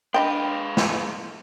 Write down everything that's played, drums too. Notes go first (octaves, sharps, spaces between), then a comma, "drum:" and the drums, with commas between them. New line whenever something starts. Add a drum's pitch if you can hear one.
G#3 D4 B4 D#5 G5
drum: snare